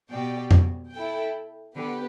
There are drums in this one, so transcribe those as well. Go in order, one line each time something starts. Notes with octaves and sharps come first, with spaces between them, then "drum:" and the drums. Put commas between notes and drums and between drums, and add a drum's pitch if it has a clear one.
B2 G4 D5 G5
drum: tom F2
E4 A4 G5
D3 B3 G4 B4